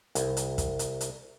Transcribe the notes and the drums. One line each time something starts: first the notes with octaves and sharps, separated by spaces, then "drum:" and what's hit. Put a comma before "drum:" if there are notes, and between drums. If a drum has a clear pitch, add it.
C2, drum: hi-hat
drum: hi-hat
drum: kick, hi-hat
drum: hi-hat
drum: hi-hat